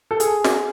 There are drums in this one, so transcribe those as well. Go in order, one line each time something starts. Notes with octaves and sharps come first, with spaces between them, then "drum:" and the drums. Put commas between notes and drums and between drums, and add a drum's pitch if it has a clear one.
A4
G#4, drum: hi-hat
drum: snare